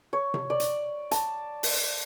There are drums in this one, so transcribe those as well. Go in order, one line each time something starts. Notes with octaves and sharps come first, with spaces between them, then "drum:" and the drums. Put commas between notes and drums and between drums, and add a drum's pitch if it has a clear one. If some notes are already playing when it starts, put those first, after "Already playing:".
C#5
drum: tom C3
D5
drum: hi-hat
A5, drum: hi-hat
drum: open hi-hat